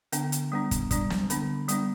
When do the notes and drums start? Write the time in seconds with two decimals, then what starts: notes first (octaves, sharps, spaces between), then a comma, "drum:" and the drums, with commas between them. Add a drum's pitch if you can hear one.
0.12 D3 B3 D4 G5, drum: hi-hat
0.32 drum: hi-hat
0.52 G3 B3 D4
0.71 drum: kick, hi-hat
0.91 G3 D4, drum: kick, hi-hat
1.10 drum: snare
1.30 D3 B3 D4 B5, drum: hi-hat
1.68 G3 B3 D4, drum: hi-hat